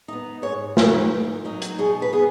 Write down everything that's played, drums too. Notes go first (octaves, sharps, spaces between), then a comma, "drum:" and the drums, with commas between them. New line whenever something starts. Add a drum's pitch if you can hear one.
B3 D#4
G#2 C#5
F#3 D#4 B4, drum: snare
G#2
F#3 D#4
drum: hi-hat
B2 G#4
B4
B3 G#4